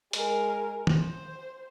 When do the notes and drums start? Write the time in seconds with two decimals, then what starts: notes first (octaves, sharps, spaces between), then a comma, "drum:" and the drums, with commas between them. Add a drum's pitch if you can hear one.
0.13 G#3 A#4, drum: hi-hat
0.87 C5, drum: tom